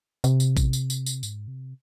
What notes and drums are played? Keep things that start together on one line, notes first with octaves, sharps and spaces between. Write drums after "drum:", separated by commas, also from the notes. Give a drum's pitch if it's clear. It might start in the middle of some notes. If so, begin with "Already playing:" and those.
C3, drum: tambourine
drum: tambourine
drum: kick A#1, tambourine
drum: tambourine
drum: tambourine
drum: tambourine
G#2, drum: tambourine
C3